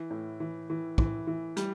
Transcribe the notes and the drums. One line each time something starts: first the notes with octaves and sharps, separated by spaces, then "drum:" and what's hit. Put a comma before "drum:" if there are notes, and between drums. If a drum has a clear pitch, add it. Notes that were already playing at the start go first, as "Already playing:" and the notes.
Already playing: E3
A2
E3
E3
E3, drum: kick
E3
G3, drum: hi-hat